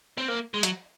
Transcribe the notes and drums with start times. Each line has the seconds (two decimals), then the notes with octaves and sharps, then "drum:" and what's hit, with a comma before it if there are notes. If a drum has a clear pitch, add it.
0.18 C4
0.28 A#3
0.54 G#3
0.63 F#3, drum: hi-hat